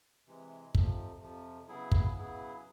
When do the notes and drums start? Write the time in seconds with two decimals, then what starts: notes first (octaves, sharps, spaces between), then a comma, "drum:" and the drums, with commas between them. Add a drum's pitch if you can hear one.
0.27 C3 E3 G#3
0.75 F2 C3 F3, drum: kick
1.21 F2 C3 F3
1.68 C#3 F#3 B3 E4 G#4
1.92 drum: kick
2.15 C#3 F#3 B3 E4 G#4